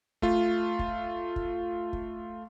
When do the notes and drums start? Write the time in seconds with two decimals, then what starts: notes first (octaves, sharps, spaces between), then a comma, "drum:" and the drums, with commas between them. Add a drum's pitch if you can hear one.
0.22 A3 F4, drum: kick
0.79 drum: kick
1.36 drum: kick
1.93 drum: kick